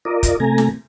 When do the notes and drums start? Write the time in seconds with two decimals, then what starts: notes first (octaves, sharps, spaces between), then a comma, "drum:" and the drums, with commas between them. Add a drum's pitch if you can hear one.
0.05 F4 A#4 D5 D#5
0.23 drum: kick, hi-hat
0.40 C3 A3 G#5 A#5
0.58 drum: snare